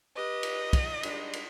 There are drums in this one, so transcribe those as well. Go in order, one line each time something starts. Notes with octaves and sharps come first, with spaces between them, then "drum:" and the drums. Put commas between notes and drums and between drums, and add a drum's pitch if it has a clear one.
G4 B4 D#5
drum: cymbal
drum: kick, cymbal
G3 G#3 D4, drum: cymbal
drum: cymbal